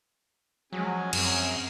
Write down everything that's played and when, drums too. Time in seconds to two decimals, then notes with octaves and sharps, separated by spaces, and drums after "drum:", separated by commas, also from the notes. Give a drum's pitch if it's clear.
0.73 F3 F#3 G#3 C#4 G#4
1.13 F#2 C4 A#4, drum: cymbal